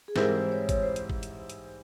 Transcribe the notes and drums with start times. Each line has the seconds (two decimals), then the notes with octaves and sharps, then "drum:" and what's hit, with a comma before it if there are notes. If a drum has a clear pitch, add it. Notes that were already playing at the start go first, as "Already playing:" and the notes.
0.08 G#4
0.16 G#2 E3 G3 C4 E4 A#4, drum: snare
0.34 C5
0.52 C#5
0.69 C#5, drum: kick, hi-hat
0.83 C5
0.96 drum: hi-hat
1.09 drum: kick
1.23 drum: hi-hat
1.50 drum: hi-hat